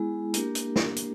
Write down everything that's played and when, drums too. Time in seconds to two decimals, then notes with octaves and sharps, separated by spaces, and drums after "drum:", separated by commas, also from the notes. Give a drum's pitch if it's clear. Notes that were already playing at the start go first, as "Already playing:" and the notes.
Already playing: G#3 B3 E4 G#4
0.34 A#3 D4 G4 A#4, drum: hi-hat
0.55 drum: hi-hat
0.76 drum: snare
0.96 drum: hi-hat